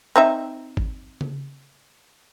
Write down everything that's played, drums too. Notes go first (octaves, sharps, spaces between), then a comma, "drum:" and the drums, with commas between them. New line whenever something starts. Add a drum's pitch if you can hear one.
C4 D#4 E5
drum: kick G#1
drum: tom C#3